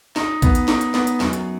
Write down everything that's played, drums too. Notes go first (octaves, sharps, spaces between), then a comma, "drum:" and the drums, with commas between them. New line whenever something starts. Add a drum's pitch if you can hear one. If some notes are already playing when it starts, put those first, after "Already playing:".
D#4, drum: snare
B3, drum: kick A#1, hi-hat
drum: hi-hat
D#4, drum: snare
drum: hi-hat
B3, drum: snare
drum: hi-hat
F#2, drum: snare
drum: hi-hat